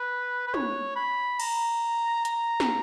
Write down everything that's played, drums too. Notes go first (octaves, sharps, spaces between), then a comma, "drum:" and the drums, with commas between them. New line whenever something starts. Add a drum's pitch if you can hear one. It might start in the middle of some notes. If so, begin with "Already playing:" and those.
Already playing: B4
B4
C#5, drum: tom
B5
A#5, drum: cymbal
A#5, drum: hi-hat
drum: snare